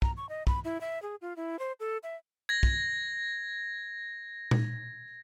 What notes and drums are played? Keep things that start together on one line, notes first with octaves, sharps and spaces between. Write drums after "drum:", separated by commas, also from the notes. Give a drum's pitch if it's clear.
A#5, drum: kick
C#6
D#5
B5, drum: kick
E4
E5
G#4
F4
E4
C5
A4
E5
G#6 A#6
drum: kick
drum: tom A#2